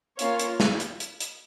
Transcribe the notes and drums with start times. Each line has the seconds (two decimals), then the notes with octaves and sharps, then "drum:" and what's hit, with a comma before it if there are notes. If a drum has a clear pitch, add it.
0.19 A#3 C#4 F4 C#5 F5, drum: hi-hat
0.39 drum: hi-hat
0.60 drum: snare
0.80 drum: hi-hat
1.00 drum: hi-hat
1.20 drum: hi-hat